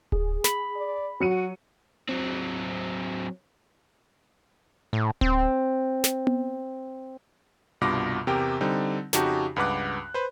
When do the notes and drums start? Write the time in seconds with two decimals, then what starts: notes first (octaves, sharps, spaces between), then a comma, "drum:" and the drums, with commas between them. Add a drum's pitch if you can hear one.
0.12 G#4, drum: kick D1
0.44 B5, drum: snare
0.76 D5
1.20 F#3 F#4 C#7 D#7
2.09 F#3 C4
4.93 A2
5.21 C4, drum: kick D1
6.04 drum: snare
6.27 drum: tom B3
7.81 C2 G2 B2 F4 D6 A#6
8.27 E2 C3 G4 A#4 G5
8.61 D3 G3 C4 D#4
9.13 F2 C#3 D#4 F#4 G4 A5, drum: snare
9.56 C#2 G2 B4 F#5 D6 F#6
10.14 B4 C5